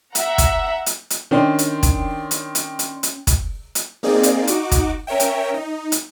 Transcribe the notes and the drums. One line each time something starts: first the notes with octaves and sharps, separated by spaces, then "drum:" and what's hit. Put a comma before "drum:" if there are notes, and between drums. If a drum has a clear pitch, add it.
E5 F#5 A#5, drum: hi-hat
drum: kick, hi-hat
drum: hi-hat
drum: hi-hat
D#3 C#4 D4 G5 C6
drum: hi-hat
drum: kick, hi-hat
drum: hi-hat
drum: hi-hat
drum: hi-hat
drum: hi-hat
drum: kick, hi-hat
drum: hi-hat
A#3 C4 D#4 G#4 D5
drum: hi-hat
D#4 F#4 D6, drum: hi-hat
drum: kick, hi-hat
C#4 A#4 C#5 E5 G5
drum: hi-hat
D#4
drum: hi-hat